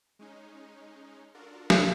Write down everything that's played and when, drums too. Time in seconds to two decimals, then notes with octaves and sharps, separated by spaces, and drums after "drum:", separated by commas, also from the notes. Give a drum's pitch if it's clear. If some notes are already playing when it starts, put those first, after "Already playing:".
0.19 G#3 C#4 D#4
1.34 D4 F4 F#4 A4 A#4
1.70 drum: snare